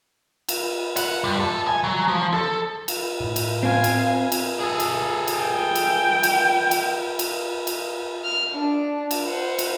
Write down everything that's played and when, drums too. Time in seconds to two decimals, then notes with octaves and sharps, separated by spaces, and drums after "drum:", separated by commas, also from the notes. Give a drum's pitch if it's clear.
0.49 drum: cymbal
0.96 F#5, drum: cymbal
1.24 G2
1.40 A4
1.67 G#5
1.84 F#3
2.08 F3
2.33 A4
2.88 drum: cymbal
3.20 A2
3.36 drum: cymbal
3.63 C4 F5 G#5
3.84 drum: cymbal
4.32 drum: cymbal
4.60 G#4 A4
4.80 drum: cymbal
5.28 drum: cymbal
5.37 G5
5.75 drum: cymbal
6.23 drum: cymbal
6.71 drum: cymbal
7.19 drum: cymbal
7.67 drum: cymbal
8.24 F6
8.54 D4
9.11 drum: cymbal
9.26 C5 F#5
9.59 drum: cymbal